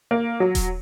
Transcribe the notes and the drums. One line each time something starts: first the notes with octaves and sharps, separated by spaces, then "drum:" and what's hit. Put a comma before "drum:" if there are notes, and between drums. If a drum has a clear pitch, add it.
A#3
F#3
drum: kick D#1, hi-hat